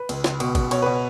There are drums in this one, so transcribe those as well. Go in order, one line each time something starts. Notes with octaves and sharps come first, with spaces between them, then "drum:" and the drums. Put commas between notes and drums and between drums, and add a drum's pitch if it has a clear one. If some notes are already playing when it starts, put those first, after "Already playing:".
Already playing: B4
C#2, drum: cymbal
C#2, drum: snare
B2, drum: cymbal
B2, drum: kick, cymbal
B2 C#5, drum: cymbal
B2 B4